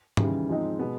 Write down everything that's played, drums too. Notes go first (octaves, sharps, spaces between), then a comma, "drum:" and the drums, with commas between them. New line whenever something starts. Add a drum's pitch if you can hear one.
D#2 C#3 E3 G3, drum: tom G#2
G#2 F3 G#3 C4 D#4
B2 G#3 B3